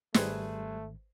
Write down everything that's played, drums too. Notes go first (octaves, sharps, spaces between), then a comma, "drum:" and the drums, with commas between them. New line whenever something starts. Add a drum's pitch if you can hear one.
G#1 G3 A3 G#4 B4 C5, drum: snare